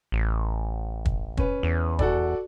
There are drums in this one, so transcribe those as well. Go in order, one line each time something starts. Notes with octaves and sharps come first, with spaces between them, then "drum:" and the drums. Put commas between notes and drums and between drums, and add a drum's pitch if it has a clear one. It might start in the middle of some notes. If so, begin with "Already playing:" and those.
A1
drum: kick
C#4 B4, drum: kick
E2
F#4 A4 D5, drum: kick